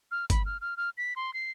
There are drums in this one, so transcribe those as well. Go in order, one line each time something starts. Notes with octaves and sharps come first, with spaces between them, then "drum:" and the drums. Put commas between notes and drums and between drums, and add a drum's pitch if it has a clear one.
F6
B5, drum: kick, hi-hat
F6
F6
F6
B6
C6
C7